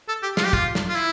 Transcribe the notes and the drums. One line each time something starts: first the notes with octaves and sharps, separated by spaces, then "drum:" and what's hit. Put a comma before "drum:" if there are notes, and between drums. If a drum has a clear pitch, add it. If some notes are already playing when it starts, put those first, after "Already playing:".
A4
G4
F4, drum: snare
G4
F4, drum: kick, hi-hat
drum: snare
F4
E4, drum: hi-hat